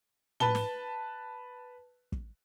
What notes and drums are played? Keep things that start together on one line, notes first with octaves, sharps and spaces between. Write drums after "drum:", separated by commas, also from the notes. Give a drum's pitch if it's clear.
B4 A5 G7, drum: tom
drum: snare
drum: kick